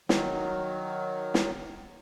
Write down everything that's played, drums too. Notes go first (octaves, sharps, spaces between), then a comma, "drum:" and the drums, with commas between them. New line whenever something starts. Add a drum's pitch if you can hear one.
D#3 F#3, drum: snare
drum: snare